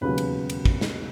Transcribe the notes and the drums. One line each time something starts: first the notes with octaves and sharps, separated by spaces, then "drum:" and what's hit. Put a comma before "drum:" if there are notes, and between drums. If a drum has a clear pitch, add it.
E1 D#2 C#3 F#3 B4
drum: cymbal
drum: cymbal
drum: kick
drum: snare